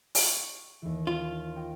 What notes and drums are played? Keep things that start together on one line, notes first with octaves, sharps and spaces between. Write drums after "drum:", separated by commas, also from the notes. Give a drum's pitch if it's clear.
C#6, drum: open hi-hat
D#2 E3
F4
D#4 G5